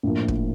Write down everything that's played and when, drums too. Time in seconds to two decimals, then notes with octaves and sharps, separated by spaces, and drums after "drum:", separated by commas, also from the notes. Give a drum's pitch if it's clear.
0.03 A#1 A2 F3 A#3
0.28 drum: kick